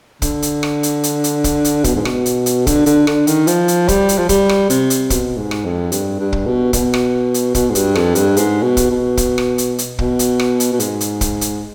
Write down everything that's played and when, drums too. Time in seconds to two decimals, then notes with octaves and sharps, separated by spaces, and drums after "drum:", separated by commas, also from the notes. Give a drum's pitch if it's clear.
0.22 D3, drum: kick, hi-hat
0.42 drum: hi-hat
0.63 drum: rim click
0.83 drum: hi-hat
1.03 drum: hi-hat
1.24 drum: hi-hat
1.44 drum: kick, hi-hat
1.65 drum: hi-hat
1.84 B2, drum: kick, hi-hat
1.95 G#2
2.05 B2, drum: rim click
2.26 drum: hi-hat
2.46 drum: hi-hat
2.67 D3, drum: kick, hi-hat
2.86 D3, drum: hi-hat
3.07 D3, drum: rim click
3.27 D#3, drum: hi-hat
3.47 F3, drum: hi-hat
3.68 drum: hi-hat
3.88 G3, drum: kick, hi-hat
4.09 drum: hi-hat
4.18 F3
4.29 G3, drum: kick, hi-hat
4.49 drum: rim click
4.70 C3, drum: hi-hat
4.90 drum: hi-hat
5.10 B2, drum: kick, hi-hat
5.37 G#2
5.51 drum: rim click
5.65 F2
5.92 G2, drum: hi-hat
6.19 G2
6.33 drum: kick
6.46 B2
6.73 B2, drum: kick, hi-hat
6.94 drum: rim click
7.34 drum: hi-hat
7.55 B2, drum: kick, hi-hat
7.70 G#2
7.75 G2, drum: hi-hat
7.95 F2, drum: rim click
8.15 G2, drum: hi-hat
8.37 G#2, drum: hi-hat
8.63 B2
8.77 drum: kick, hi-hat
8.91 B2
9.17 drum: kick, hi-hat
9.38 drum: rim click
9.58 drum: hi-hat
9.78 drum: hi-hat
9.99 B2, drum: kick
10.19 drum: hi-hat
10.40 drum: rim click
10.60 drum: hi-hat
10.72 B2
10.80 G#2, drum: hi-hat
11.01 drum: hi-hat
11.21 drum: kick, hi-hat
11.41 drum: hi-hat